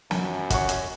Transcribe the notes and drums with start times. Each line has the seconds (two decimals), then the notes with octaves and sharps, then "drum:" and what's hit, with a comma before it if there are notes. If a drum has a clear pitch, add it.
0.11 F#2 B5, drum: snare
0.50 C#5 F#5, drum: kick, hi-hat
0.69 drum: hi-hat